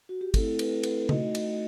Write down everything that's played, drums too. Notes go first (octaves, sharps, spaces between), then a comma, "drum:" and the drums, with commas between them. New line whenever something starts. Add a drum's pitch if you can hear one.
F#4
G4
A3 C4 E4 A4, drum: kick, cymbal
B4, drum: cymbal
B4, drum: cymbal
A3 D#4 F#4 D#5, drum: tom C#3
drum: cymbal